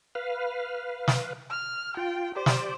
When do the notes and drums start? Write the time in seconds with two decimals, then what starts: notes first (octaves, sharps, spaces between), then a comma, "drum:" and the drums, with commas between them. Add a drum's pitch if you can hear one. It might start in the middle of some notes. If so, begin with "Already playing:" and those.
0.15 B4 F5
1.08 drum: snare
1.50 F6
1.97 F4 G5
2.36 G4 C5 D5
2.46 drum: snare